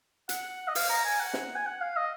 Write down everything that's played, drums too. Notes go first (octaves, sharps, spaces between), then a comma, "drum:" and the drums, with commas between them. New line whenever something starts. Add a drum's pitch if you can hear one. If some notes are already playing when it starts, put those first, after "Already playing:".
F#5, drum: hi-hat
D#5
F5, drum: open hi-hat
A#5
G#5
F#5
drum: snare
G#5
F#5
F5
D#5